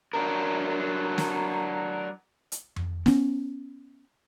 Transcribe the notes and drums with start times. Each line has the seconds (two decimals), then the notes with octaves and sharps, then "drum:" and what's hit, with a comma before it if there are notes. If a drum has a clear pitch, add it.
0.13 F#3 D4 A#4
1.18 drum: snare
2.52 drum: hi-hat
2.76 drum: tom F2
3.06 B3 C#4, drum: snare